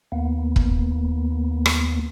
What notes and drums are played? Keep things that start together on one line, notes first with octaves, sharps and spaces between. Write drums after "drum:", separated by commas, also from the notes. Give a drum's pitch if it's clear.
D#2 A#3 B3
drum: kick
drum: rim click